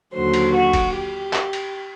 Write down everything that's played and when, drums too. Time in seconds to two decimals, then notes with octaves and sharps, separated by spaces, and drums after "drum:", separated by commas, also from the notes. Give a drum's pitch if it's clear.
0.14 D#2 D3 F#3 C5
0.34 drum: cymbal
0.54 F#4
0.73 drum: kick, cymbal
0.93 G4
1.33 drum: clap
1.53 drum: cymbal